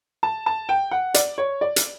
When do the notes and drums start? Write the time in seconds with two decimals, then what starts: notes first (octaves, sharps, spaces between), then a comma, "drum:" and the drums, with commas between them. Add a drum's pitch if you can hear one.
0.23 A5
0.46 A5
0.69 G5
0.91 F#5
1.14 D5, drum: hi-hat
1.38 C#5
1.61 D5
1.76 drum: hi-hat